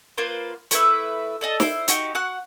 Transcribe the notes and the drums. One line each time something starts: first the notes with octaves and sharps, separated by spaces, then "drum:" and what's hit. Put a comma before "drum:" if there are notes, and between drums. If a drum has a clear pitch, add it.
A#3 F4 B4 C5
A3 E4 B4 E5, drum: hi-hat
A4 D5 D#5 A5
E4 C5, drum: snare
D#4 F#4 G4, drum: hi-hat
F#4 F#5 F#6